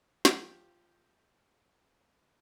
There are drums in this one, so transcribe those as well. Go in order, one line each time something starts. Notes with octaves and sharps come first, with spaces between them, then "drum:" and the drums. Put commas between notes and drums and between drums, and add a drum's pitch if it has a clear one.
F3 G4, drum: snare